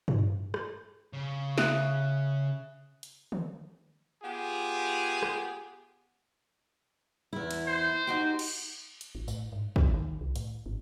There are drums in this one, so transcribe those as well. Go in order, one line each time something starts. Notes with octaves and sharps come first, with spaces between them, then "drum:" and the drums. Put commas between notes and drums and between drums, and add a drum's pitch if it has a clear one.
drum: tom
drum: rim click
C#3
E5 D#6 F#6, drum: snare
drum: hi-hat
drum: tom
B3 F4 G4 G#4
drum: rim click
E2 E4
drum: cymbal
C5
D#4 F#4 G4
drum: cymbal
drum: hi-hat
A1
A2, drum: tambourine
G#2
D2, drum: kick
D#3
C2
A2, drum: hi-hat
G#1